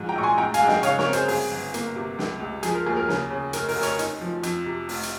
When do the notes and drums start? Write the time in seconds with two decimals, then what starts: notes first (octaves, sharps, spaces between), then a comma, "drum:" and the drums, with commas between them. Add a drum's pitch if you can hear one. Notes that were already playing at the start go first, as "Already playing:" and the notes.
Already playing: G#2 F3
0.09 G5 A#5
0.15 A#1 C#6
0.23 G#5 C6
0.38 G#2 G5 A#5
0.54 F5 G#5, drum: hi-hat
0.60 G#2
0.68 D#5 G5, drum: snare
0.83 C#3 C#5 F5, drum: hi-hat
0.98 A#4 C#5, drum: snare
1.05 C4
1.13 G#4 C5, drum: hi-hat
1.28 G1 G#4, drum: open hi-hat
1.51 G1
1.74 A#3, drum: hi-hat
1.96 C3
2.19 C#2, drum: snare
2.40 C#2
2.63 F3 G#4, drum: hi-hat
2.74 A#4
2.86 D#2 G#4
2.97 A#4
3.09 C#3, drum: snare
3.30 C#3
3.53 F1 A#4, drum: hi-hat
3.69 A#4, drum: open hi-hat
3.75 F1
3.83 A#4 C#5, drum: hi-hat
3.99 D#4, drum: hi-hat
4.21 F3
4.43 F2, drum: hi-hat
4.66 C3
4.89 F1, drum: open hi-hat
5.03 drum: hi-hat